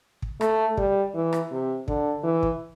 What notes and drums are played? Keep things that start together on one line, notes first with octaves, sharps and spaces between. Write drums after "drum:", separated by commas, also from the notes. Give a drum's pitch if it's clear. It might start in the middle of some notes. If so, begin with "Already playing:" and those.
drum: kick
A3, drum: rim click
G3, drum: kick
E3
drum: rim click
C3
D3, drum: kick
E3
drum: kick